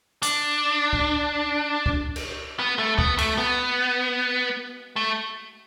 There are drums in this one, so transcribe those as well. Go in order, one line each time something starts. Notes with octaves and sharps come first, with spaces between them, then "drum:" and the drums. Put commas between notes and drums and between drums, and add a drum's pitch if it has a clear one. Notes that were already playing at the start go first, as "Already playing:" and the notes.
D4, drum: hi-hat
drum: kick C#2
drum: kick C#2
drum: cymbal
B3
A3
B3, drum: kick C#2
A3, drum: cymbal
B3
A3